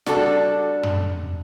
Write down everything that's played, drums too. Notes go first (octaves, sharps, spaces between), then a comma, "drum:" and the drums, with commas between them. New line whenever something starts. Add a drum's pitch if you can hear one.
G3 D4 F#4 A4, drum: snare
drum: tom